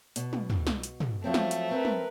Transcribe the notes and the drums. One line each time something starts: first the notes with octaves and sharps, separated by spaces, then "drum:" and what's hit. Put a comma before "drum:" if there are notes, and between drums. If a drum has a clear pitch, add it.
B2, drum: hi-hat
drum: tom
drum: tom
drum: snare
drum: hi-hat
drum: tom
F3 F#3 A3 C4
drum: snare
drum: hi-hat
C4 A#4 B4
drum: tom